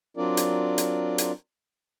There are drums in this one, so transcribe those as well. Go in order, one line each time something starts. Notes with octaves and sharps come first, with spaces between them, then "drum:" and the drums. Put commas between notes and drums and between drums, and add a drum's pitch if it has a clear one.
F#3 C4 D4 F4 A#4 D5
drum: hi-hat
drum: hi-hat
drum: hi-hat